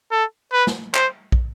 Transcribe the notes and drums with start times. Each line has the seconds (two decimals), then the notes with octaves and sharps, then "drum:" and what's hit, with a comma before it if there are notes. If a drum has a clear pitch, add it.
0.12 A4
0.53 B4
0.67 drum: snare
0.95 C5, drum: clap
1.32 drum: kick